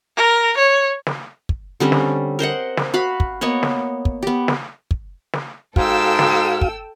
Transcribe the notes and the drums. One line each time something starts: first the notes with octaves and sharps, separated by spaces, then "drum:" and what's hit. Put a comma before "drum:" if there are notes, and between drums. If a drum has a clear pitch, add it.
A#4
C#5
drum: snare
drum: kick
D3 G3 C4 C#4
drum: snare
A#4 C5 D#5 F#5
drum: snare
F#4 F5 B5
drum: kick
A#3 B3 C#5 D#5
drum: snare
drum: kick
B3 G4
drum: snare
drum: kick
drum: snare
G#2 F#4 A4 F5 G5 E6, drum: kick
drum: snare
drum: kick